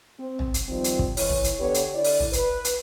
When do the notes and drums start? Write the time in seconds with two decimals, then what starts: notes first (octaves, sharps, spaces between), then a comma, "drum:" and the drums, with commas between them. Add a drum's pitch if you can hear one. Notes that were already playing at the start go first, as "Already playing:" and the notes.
0.19 C4
0.39 drum: tom
0.54 drum: hi-hat
0.68 D#3 F3 G3 C4
0.84 drum: hi-hat
0.99 drum: kick
1.17 E3 C#5, drum: open hi-hat
1.29 drum: tom
1.44 drum: hi-hat
1.59 D3 B3 G4 B4 C#5
1.74 drum: hi-hat
1.95 D3 E4 D5
2.04 drum: open hi-hat
2.19 drum: tom
2.33 B4, drum: hi-hat
2.65 drum: hi-hat